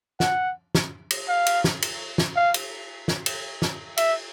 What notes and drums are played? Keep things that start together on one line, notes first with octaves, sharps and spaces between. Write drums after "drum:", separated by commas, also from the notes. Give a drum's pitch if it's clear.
F#5, drum: snare
drum: snare
drum: cymbal
F5
drum: cymbal
drum: snare
drum: cymbal
drum: snare
F5
drum: cymbal
drum: snare
drum: cymbal
drum: snare
E5, drum: cymbal